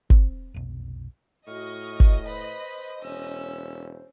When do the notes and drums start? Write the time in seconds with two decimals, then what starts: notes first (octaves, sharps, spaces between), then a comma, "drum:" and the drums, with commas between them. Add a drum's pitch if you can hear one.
0.10 C4, drum: kick G1
0.54 F1 B1
1.47 A2 F#4 D#5 C#6 F6
2.00 drum: kick G1
2.25 B4 C5 B5
3.02 E1 C#4 E6